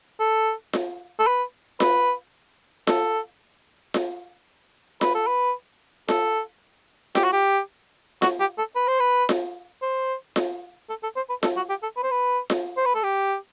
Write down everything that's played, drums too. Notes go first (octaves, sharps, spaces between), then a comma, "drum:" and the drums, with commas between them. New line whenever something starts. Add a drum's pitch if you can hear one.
A4
drum: snare F4
A4
B4
B4, drum: snare F4
A4, drum: snare F4
drum: snare F4
B4, drum: snare F4
A4
B4
A4, drum: snare F4
G4, drum: snare F4
F#4
G4
F#4, drum: snare F4
G4
A4
B4
C5
B4
drum: snare F4
C5
drum: snare F4
A4
A4
C5
B4
A4, drum: snare F4
F#4
G4
A4
B4
C5
B4
drum: snare F4
C5
B4
A4
G4